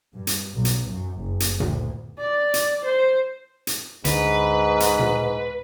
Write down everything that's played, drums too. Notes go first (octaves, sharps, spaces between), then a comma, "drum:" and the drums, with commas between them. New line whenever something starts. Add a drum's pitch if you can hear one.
G2
drum: hi-hat
B1
drum: hi-hat
F#2
F#1
drum: hi-hat
D2, drum: tom A#2
D5
drum: hi-hat
C5
drum: hi-hat
D2 G#2 D3 B4, drum: hi-hat
drum: hi-hat
drum: tom A#2